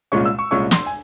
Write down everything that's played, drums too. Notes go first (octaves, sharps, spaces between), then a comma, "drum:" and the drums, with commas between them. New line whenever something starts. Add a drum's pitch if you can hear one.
C2 A#2 G#3 C#4 C#6
E6
C#6
C2 A#2 G#3 C#4 C#6
C6, drum: snare
G#5